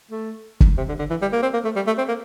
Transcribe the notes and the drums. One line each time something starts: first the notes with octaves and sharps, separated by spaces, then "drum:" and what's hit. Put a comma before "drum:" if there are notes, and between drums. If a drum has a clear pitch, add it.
A3
drum: kick
C3
D3
D3
E3
G3
A#3
C4
A#3
A3
G3
A3
C4
A#3